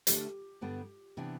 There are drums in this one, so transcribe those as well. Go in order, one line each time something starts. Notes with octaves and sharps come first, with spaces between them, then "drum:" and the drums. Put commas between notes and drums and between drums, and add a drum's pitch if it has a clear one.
D3 A3 D4 G4 A4 E5, drum: hi-hat
G2 D3 G3 B3 D4
C3 E3 B3 D4